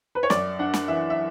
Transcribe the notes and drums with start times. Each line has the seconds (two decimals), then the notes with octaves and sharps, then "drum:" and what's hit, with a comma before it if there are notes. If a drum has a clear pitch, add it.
0.15 B4
0.23 C#5
0.30 F#2 D5, drum: snare
0.59 D4 F#5
0.74 drum: snare
0.88 E3 E5
1.10 E5